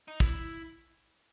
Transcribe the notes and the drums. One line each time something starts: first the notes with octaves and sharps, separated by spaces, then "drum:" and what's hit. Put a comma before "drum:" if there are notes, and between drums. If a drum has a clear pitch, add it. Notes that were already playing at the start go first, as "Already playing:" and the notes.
D#4
E4, drum: kick